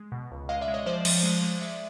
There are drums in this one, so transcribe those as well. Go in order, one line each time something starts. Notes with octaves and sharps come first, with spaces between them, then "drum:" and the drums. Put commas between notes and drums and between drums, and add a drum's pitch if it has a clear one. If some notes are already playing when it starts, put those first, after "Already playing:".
Already playing: G#3
B2
C#2
G#3 D#5 F5
D5 E5
G#3
C#5 D#5
F3 C5 D5
F3, drum: cymbal
G#3
G#3
G#3 D5 E5